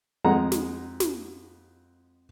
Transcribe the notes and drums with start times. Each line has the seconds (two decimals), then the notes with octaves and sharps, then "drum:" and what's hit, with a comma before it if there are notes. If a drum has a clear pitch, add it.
0.25 F2 G#3 F#5 A#5
0.52 drum: snare
1.00 drum: snare